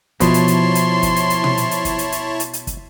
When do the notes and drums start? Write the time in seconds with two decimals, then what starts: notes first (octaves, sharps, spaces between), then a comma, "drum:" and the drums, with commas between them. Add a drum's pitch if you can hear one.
0.20 B2 F3 E4 C#5 A5 C6, drum: kick, hi-hat
0.34 drum: hi-hat
0.48 drum: hi-hat
0.75 drum: hi-hat
1.03 drum: kick, hi-hat
1.16 drum: hi-hat
1.30 drum: hi-hat
1.44 drum: tom
1.57 drum: hi-hat
1.71 drum: hi-hat
1.85 drum: kick, hi-hat
1.99 drum: hi-hat
2.12 drum: hi-hat
2.40 drum: hi-hat
2.53 drum: hi-hat
2.67 drum: kick, hi-hat